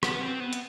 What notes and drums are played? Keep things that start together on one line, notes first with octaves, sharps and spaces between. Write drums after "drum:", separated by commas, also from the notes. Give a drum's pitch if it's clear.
B3, drum: rim click
C4
B3
drum: hi-hat